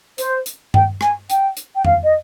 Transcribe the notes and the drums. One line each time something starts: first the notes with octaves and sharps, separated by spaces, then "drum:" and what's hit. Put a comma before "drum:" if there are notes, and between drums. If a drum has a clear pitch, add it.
C5, drum: hi-hat
drum: hi-hat
G5, drum: tom G2
G#5, drum: rim click
G5, drum: hi-hat
drum: hi-hat
G5
F5, drum: tom F2
D#5